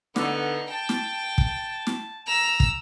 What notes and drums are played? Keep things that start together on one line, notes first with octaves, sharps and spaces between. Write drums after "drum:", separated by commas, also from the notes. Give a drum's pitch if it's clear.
D3 B3 D#4, drum: snare
G5 A5
drum: snare
drum: kick
drum: snare
A#5 E6
drum: kick